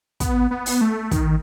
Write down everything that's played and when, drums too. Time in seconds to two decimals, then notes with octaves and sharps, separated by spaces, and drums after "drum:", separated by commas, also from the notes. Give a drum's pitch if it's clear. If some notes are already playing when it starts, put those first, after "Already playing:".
0.20 B3, drum: kick, hi-hat
0.51 B3
0.66 drum: open hi-hat
0.81 A3
1.11 D#3, drum: kick, hi-hat